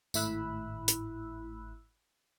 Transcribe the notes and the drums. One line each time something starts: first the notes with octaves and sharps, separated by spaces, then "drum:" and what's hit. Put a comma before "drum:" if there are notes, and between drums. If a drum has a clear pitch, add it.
G#1 A2 E4 B5 E6 F#6, drum: tambourine
drum: hi-hat